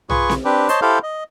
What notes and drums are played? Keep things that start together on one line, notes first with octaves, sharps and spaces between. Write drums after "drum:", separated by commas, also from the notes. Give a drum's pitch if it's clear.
F4 G#4 B4 C#6, drum: tom
drum: snare C4
C4 D4 G4 B4
C5 C#5 D#5 A5 C6, drum: hi-hat
E4 G4 A4 C5 F5
D#5